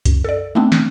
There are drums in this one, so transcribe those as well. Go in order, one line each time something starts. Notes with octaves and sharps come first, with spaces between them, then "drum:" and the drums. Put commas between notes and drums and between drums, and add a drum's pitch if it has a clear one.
F#2, drum: kick, hi-hat
A4 D5
A3 B3 C4 D4
drum: snare